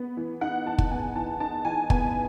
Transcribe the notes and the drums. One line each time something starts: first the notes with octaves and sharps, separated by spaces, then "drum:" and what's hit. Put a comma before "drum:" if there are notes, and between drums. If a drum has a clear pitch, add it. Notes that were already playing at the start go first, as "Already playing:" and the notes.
Already playing: B3
E3
D#4 F#5
E3 A5
drum: kick
B3 G#5
E3 A5
D#4 A5
E3 G#5
B3 G#5, drum: kick